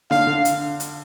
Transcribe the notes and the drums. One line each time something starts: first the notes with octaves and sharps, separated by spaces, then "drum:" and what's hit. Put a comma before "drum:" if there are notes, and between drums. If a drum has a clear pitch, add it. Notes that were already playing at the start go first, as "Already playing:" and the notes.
D3 F5, drum: snare D#4
D3
drum: hi-hat
drum: hi-hat